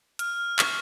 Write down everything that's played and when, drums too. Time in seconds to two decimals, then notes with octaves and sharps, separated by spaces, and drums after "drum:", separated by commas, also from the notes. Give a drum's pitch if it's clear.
0.19 F6, drum: hi-hat
0.59 C#6, drum: clap